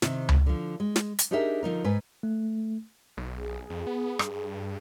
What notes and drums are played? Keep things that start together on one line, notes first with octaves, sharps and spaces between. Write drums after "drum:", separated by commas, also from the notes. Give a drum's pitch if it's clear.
C3 D#3, drum: snare
drum: tom C#2
D3 F3
G#3
drum: snare
drum: hi-hat
D4 D#4 G4 G#4 A#4 E5
D3 F3 D#4 A#4
G#2 B4 G#5
A3
B1
G#4
F2
B3
G2, drum: rim click